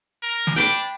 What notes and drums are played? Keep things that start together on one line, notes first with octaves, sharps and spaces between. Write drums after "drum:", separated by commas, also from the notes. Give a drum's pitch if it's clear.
A#4
drum: snare
D4 G5 B5 D6